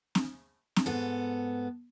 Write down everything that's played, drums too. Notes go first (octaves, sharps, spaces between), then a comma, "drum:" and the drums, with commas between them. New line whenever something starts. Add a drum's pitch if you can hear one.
drum: snare
drum: snare
G#2 B3 A4